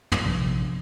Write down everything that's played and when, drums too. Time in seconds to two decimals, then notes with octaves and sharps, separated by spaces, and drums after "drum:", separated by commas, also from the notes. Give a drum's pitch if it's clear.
0.12 drum: tom
0.24 A#1 C3 F3 D4